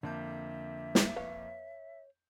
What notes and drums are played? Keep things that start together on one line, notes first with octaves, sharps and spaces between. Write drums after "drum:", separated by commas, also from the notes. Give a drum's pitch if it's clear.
F2 D3 A#3 E5 G6
drum: snare
B4 C#5 F5